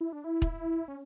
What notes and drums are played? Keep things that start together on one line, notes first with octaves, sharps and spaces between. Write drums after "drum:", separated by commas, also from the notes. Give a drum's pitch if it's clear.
E4
D4
E4
drum: kick
C#4